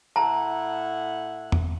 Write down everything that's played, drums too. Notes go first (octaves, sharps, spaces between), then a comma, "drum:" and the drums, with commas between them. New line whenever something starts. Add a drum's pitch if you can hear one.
A2 E5 F#5 A5 A#5
drum: tom E2